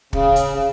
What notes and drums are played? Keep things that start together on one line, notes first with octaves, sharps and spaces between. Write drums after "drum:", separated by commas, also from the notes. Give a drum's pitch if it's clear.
C#3, drum: kick
drum: hi-hat